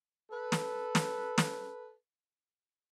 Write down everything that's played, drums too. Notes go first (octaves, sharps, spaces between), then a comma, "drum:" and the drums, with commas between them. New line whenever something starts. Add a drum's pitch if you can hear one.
A4 B4
drum: snare
drum: snare
drum: snare